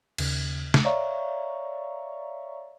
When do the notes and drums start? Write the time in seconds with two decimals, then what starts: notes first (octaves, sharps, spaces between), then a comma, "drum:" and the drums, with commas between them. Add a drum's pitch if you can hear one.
0.18 D#2 C#3 G#6, drum: cymbal
0.74 drum: snare
0.84 C#5 D5 E5 F5 A#5 C#6